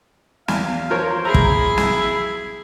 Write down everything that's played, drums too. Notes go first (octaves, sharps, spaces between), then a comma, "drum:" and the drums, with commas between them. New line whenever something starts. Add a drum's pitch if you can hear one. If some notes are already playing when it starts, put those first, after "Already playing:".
E2 F5, drum: snare
F3 A#4 C5 C#5
E4 G#4 A#5
drum: kick
drum: snare